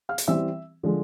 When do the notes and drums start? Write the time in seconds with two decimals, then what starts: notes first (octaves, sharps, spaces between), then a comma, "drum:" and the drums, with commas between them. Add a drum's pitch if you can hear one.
0.09 F5 F6
0.18 drum: hi-hat
0.28 E3 G3 C4 E5 E6
0.83 D3 F3 G#3